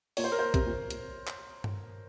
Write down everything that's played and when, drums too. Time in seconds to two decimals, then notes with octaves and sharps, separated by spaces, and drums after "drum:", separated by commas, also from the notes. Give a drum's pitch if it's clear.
0.17 A#2 C#5, drum: open hi-hat
0.24 C5
0.32 A#4
0.39 C5
0.54 C3, drum: kick, hi-hat
0.66 A#2
0.91 drum: hi-hat
1.27 drum: clap
1.64 drum: tom G2